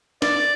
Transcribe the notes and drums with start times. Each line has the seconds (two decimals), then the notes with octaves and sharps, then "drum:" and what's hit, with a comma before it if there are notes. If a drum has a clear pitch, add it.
0.22 D5, drum: snare